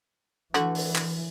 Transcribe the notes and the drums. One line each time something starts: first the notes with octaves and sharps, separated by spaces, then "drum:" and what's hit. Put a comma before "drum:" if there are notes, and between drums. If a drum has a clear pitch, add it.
D3 E3 A3 F#4, drum: hi-hat
drum: open hi-hat
drum: clap